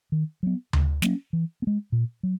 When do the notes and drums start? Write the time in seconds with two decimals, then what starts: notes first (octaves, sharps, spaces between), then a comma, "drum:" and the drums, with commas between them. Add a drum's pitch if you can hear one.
0.12 D#3
0.43 F#3 B3
0.73 C#3, drum: tom D2
1.02 F#3 A#3 C#4, drum: snare
1.33 E3
1.62 B3
1.67 G#3
1.92 A#2
2.23 F#3